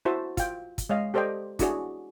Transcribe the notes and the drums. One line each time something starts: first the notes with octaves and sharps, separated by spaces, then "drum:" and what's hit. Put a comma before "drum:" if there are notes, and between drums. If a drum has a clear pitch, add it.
E4 F#4 C5 E5 A5
F4 G5, drum: kick, hi-hat
drum: kick, hi-hat
G#3 C#5 D#5 F5
G4 A4 C5 D5 D#5 G5
D4 E4 F#4 G#4 D5, drum: kick, hi-hat